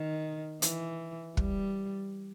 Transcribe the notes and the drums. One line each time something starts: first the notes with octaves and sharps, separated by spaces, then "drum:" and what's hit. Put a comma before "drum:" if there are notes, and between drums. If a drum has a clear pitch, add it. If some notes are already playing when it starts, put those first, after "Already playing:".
Already playing: D#3
E3, drum: hi-hat
G3, drum: kick